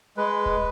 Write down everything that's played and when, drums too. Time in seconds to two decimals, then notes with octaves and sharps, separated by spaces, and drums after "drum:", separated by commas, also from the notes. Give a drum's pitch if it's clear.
0.17 G#3 B4
0.46 drum: kick D1